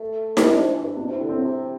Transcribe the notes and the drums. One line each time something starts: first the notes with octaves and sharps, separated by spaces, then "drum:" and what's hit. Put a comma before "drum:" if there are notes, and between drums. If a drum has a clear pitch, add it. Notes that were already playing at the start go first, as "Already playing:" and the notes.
Already playing: A3
E4, drum: snare D#4
G3 D4
F3
E3
G2
B2 D4
C3 E4
D3
A2 C4
C3